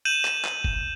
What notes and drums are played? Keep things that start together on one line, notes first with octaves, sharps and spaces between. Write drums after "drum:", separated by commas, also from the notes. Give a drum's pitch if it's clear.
G6 D#7 E7 F#7
drum: clap
drum: clap
drum: kick F#1